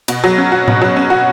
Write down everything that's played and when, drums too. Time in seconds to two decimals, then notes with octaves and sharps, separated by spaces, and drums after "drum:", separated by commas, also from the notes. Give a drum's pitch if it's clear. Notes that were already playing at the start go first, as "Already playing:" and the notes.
0.08 B2, drum: cymbal
0.24 F#3
0.38 C#4
0.52 F#4
0.68 B2, drum: tom A2
0.82 F#3
0.97 C#4
1.10 F#4